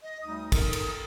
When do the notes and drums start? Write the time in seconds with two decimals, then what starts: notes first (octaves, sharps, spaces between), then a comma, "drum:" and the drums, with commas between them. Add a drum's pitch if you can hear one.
0.03 D#5
0.22 D2 G3 D#4 D#6
0.52 D#4 A4 A#4, drum: kick, cymbal
0.73 drum: cymbal